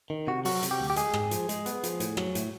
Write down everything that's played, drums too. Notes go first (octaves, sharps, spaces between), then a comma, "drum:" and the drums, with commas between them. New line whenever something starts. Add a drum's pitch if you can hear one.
D#3
C3 F#4
F#3 F#4, drum: open hi-hat
C3, drum: hi-hat
G4
D2
G4
G#3 G#4, drum: hi-hat
G#2, drum: rim click
F3, drum: hi-hat
G#3, drum: hi-hat
B3, drum: hi-hat
F3, drum: hi-hat
A2, drum: hi-hat
F#3, drum: rim click
A2, drum: hi-hat